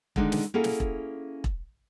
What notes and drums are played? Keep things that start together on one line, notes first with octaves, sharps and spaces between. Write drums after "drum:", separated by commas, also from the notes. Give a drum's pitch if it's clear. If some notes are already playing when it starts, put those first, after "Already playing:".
D3 D#3 G#3 D4 D#4, drum: kick E1
drum: snare
A#3 C#4 E4 F#4 G#4 A4
drum: snare
drum: kick E1
drum: kick E1